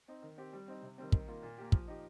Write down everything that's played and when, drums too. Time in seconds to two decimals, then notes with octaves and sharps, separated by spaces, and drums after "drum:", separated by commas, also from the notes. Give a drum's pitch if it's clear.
0.08 C4 D#4
0.22 D#3
0.38 C4 G4
0.53 G3
0.68 C4 D#4
0.82 C3
0.98 D#3 G3 C4
1.12 D#3, drum: kick
1.28 A#3 F4
1.43 A#2
1.58 A#3 G4
1.72 F3, drum: kick
1.88 D#4 G4